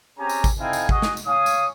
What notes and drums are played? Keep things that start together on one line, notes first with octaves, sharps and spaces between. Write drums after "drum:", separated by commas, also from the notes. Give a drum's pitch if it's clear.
C4 C#4 G4 G#4 G#5 A#5
drum: tambourine
drum: kick G#1, tambourine
C4 D#4 E4 A4 F5 G#5
drum: tambourine
F#4 G#4 D#5, drum: kick G#1
drum: snare
drum: tambourine
C#5 F5 G#5 D#6
drum: tambourine